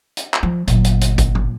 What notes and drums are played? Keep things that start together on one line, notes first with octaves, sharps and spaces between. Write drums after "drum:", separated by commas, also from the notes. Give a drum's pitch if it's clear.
drum: hi-hat
drum: clap
F3
G1 A#2 F#3, drum: hi-hat
drum: hi-hat
drum: hi-hat
drum: kick, hi-hat
drum: tom